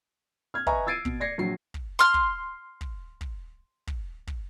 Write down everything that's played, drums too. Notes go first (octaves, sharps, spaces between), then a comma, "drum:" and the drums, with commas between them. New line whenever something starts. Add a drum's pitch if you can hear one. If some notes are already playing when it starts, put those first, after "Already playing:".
F6 G#6
B4 D#5 E5 G#5 A#5 C#6, drum: kick
E6 G#6 A6 C7 D7 D#7
B2, drum: kick
D5 G#6 A#6 C7 C#7
A#1 F#3 C7
drum: kick
C6 F6
drum: kick
drum: kick
drum: kick
drum: kick
drum: kick